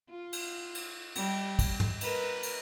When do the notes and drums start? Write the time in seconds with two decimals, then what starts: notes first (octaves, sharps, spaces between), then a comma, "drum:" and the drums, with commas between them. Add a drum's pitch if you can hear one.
0.10 F4
0.33 drum: cymbal
0.75 drum: cymbal
1.15 G3, drum: cymbal
1.59 drum: kick, cymbal
1.80 drum: tom
2.01 A#4 B4, drum: cymbal
2.43 drum: cymbal